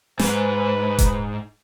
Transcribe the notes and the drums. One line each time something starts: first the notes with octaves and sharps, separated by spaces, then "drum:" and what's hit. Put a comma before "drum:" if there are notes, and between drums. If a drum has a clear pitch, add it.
G#2 B4, drum: snare
drum: kick D#1, hi-hat